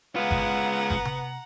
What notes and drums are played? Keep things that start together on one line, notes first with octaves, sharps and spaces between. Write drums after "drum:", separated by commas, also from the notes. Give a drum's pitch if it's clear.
G#3 B3 F4 F#5 A#5
drum: kick G1
drum: kick G1
drum: tom C3